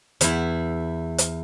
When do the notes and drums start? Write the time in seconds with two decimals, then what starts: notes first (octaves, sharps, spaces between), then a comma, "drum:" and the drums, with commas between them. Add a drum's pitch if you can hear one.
0.21 E2 E4, drum: hi-hat
1.18 drum: hi-hat